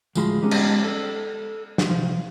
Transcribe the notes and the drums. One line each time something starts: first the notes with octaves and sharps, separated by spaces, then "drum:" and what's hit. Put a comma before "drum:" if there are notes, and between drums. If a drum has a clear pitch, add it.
D2 A2 F3 G#3 B5, drum: tambourine
G#3 B3 C#4 D#4 G4
drum: cymbal
A4
drum: snare
C2 F3